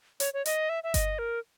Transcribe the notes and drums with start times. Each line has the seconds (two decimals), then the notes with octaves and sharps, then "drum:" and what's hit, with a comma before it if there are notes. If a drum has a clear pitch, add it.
0.20 C#5, drum: hi-hat
0.34 C#5
0.46 D#5, drum: hi-hat
0.69 E5
0.84 E5
0.94 D#5, drum: kick G1, hi-hat
1.19 A#4